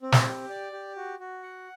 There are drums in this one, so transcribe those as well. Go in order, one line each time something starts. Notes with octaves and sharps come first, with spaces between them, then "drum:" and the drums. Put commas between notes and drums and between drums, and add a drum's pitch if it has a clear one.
C4
drum: snare
G4
D5
G4
F#4
F#4
F#5